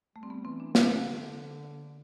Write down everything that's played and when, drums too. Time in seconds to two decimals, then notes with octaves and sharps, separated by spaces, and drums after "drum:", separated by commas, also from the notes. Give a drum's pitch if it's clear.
0.16 G3 A3
0.23 C4
0.30 B3
0.45 E3 C4
0.60 D4
0.75 D3, drum: snare